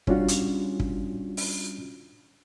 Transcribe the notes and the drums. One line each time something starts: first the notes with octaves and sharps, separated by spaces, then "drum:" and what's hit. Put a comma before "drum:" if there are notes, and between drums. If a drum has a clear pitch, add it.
G3 C#4 D4 F4 F#4, drum: kick
drum: hi-hat
drum: kick
drum: open hi-hat